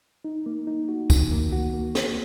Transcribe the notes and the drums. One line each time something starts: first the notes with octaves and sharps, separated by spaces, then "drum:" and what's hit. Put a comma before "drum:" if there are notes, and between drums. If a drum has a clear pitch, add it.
D#4
A#3
D#4
F#4
D#3, drum: kick, tambourine
A#3
F#4
A#3
A#3, drum: snare